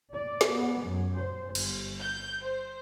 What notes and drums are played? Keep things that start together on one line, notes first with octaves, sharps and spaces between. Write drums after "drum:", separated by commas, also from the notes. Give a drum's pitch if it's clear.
D5
drum: snare
B3
F#2
C5
G1, drum: cymbal
G6
C5